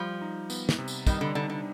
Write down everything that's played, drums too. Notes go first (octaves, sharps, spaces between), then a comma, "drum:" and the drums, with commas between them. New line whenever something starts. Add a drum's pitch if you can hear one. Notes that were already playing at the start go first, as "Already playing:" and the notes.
Already playing: F3 G3
D#4
B3, drum: tambourine
drum: snare
C3
drum: tambourine
D#3 G3, drum: kick, tambourine
D3
D3 D#4
D3